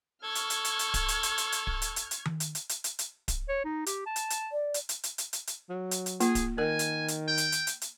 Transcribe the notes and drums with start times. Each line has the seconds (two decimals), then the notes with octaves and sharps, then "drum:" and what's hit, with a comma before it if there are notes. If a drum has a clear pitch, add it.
0.24 A4 C#6 F6 G#6
0.35 drum: hi-hat
0.50 drum: hi-hat
0.65 drum: hi-hat
0.79 drum: hi-hat
0.94 drum: kick D1, hi-hat
1.08 drum: hi-hat
1.23 drum: hi-hat
1.38 drum: hi-hat
1.52 drum: hi-hat
1.67 drum: kick D1
1.82 drum: hi-hat
1.96 drum: hi-hat
2.11 drum: hi-hat
2.25 drum: tom D#3
2.40 drum: hi-hat
2.55 drum: hi-hat
2.69 drum: hi-hat
2.84 drum: hi-hat
2.99 drum: hi-hat
3.28 drum: kick D1, hi-hat
3.49 C#5
3.64 D#4
3.86 G4, drum: hi-hat
4.06 A5
4.16 drum: hi-hat
4.30 drum: hi-hat
4.52 D5
4.74 drum: hi-hat
4.89 drum: hi-hat
5.03 drum: hi-hat
5.18 drum: hi-hat
5.33 drum: hi-hat
5.47 drum: hi-hat
5.69 F#3
5.91 drum: hi-hat
6.06 drum: hi-hat
6.20 A#3 F4 G#4, drum: hi-hat
6.35 drum: kick D1, hi-hat
6.58 D#3 A#4 G#5
6.79 drum: hi-hat
7.08 drum: hi-hat
7.28 G5
7.38 drum: hi-hat
7.52 drum: hi-hat
7.67 drum: hi-hat
7.81 drum: hi-hat